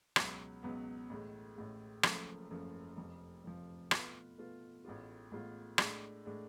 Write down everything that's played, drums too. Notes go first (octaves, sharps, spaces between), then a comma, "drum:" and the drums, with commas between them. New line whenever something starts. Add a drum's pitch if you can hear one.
C#2 B2 F#3 B3, drum: rim click
C#2 B2 F#3 B3
A1 A2 G#3
A1 A2 G#3
F#1 F#2 F3 A3, drum: rim click
F#1 F#2 F3 A3
F1 F2 F3
F1 F2 F3
B2 A3 F4 B4, drum: rim click
B2 A3 F4 B4
A1 A2 G#3 B3 F4
A1 A2 G#3 B3 F4
A2 G#3 D4, drum: rim click
A2 G#3 D4